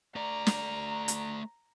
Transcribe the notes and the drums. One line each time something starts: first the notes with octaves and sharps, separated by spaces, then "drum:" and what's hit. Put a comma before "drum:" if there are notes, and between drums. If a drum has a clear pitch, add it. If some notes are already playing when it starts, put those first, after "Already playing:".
A3 D5 A#5
drum: snare
drum: hi-hat